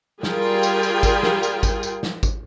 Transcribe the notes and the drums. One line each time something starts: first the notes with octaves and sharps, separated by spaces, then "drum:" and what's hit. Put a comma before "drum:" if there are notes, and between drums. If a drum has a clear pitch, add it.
G3 F4 G#4 A#4 G5, drum: snare
drum: tambourine
drum: tambourine
drum: kick G#1, tambourine
drum: snare
drum: tambourine
drum: kick G#1, tambourine
drum: tambourine
drum: snare
drum: kick G#1, tambourine